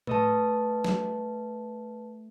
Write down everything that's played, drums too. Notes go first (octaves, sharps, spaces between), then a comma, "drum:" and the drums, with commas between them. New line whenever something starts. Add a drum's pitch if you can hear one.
A3 B4 D#5 A5, drum: tom A2
drum: snare